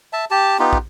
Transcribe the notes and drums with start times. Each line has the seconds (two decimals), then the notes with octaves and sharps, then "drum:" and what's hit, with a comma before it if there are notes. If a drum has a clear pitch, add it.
0.13 E5 A5
0.31 G4 A5
0.59 B3 D#4 F4 G4
0.73 drum: kick